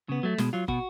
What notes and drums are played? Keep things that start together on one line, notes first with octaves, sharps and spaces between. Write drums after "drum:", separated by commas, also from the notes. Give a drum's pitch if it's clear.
C#3 B3
F#3 A3
B2 G#3, drum: snare
F#3 F4
B2 F#4, drum: kick